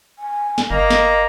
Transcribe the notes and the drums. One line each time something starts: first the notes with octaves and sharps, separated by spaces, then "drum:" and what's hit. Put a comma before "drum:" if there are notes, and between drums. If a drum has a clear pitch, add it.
G#5
drum: snare
G1 A#3 D#5 A#5
drum: snare